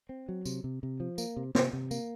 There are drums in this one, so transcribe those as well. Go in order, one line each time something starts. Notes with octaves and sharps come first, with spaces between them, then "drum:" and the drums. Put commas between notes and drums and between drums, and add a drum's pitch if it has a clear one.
C4
F#3
C3, drum: tambourine
C3
C3
F3
A#3, drum: tambourine
C3
C3, drum: snare
C3
A#3, drum: tambourine